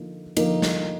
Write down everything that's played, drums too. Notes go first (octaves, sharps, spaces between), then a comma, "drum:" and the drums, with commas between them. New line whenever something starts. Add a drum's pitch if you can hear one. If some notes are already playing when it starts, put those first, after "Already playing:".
Already playing: D3 F3 A#3 D#4
D3 F3 A#3 D#4, drum: cymbal
drum: snare